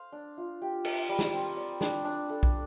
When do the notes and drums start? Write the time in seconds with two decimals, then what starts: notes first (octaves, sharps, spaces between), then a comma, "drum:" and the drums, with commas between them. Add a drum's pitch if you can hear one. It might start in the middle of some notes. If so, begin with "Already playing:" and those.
Already playing: C5 F5
0.12 D4
0.38 F4
0.62 G4
0.85 A#4, drum: cymbal
1.09 G3
1.19 drum: snare
1.33 C4
1.57 D5
1.81 D4, drum: snare
2.05 D4
2.29 A4
2.43 drum: kick B1